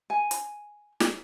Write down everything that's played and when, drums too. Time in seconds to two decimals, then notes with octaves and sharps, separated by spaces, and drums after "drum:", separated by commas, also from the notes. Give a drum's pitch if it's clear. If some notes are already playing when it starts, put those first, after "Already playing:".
0.10 G#5
0.31 drum: hi-hat
1.00 drum: snare